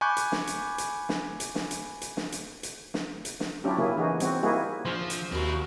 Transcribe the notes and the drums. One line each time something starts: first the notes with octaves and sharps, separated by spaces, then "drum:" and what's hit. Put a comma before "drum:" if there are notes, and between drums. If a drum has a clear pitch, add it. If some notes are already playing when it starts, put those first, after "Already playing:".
G#5 B5 C#6 D6 F#6 G6
drum: hi-hat
drum: snare
drum: hi-hat
drum: hi-hat
drum: snare
drum: hi-hat
drum: snare
drum: hi-hat
drum: hi-hat
drum: snare
drum: hi-hat
drum: hi-hat
drum: snare
drum: hi-hat
drum: snare
F#3 C#4 D4 E4 F4 G4
C#3 F#3 A#3 E4 G#4
E3 D#4 F#4 G#4
G3 C4 F#4, drum: hi-hat
G3 A#3 D#4 E4 F#4 G#4
A#1 F3 C5
drum: hi-hat
D#2 C4 E4 F#4